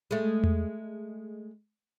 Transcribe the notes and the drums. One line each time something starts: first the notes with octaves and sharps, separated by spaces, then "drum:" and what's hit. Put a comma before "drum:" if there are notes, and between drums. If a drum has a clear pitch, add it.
G#3 A3
drum: tom E2